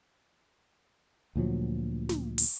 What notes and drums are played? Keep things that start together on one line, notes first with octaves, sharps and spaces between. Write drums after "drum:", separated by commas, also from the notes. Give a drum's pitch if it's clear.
D2 A#2 F3 F#3
drum: snare
drum: open hi-hat